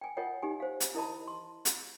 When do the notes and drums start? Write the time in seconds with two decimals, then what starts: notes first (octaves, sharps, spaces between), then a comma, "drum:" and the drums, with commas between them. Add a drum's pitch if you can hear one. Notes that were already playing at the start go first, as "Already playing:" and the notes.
0.01 G5 G#5
0.17 F4 A#4 C#5 D#5 F#5 G5
0.42 D#4 G4 G#5
0.60 C5 F5
0.80 drum: hi-hat
0.95 E4 A#4 D#5 A5 B5
1.28 C6
1.65 drum: hi-hat